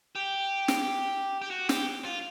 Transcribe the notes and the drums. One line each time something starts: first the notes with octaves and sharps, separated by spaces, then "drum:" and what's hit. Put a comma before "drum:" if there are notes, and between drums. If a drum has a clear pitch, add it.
G4
drum: snare
G4
F#4
G4, drum: snare
F4